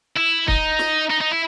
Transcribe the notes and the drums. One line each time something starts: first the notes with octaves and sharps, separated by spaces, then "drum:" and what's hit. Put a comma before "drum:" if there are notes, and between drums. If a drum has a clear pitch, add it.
E4
D#4, drum: kick
drum: snare
D#4
D#4
E4